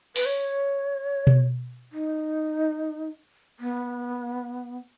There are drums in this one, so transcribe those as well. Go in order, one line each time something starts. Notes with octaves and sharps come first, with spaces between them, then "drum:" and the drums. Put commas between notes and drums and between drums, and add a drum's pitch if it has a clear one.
B4, drum: open hi-hat
C#5
drum: tom B2
D#4
B3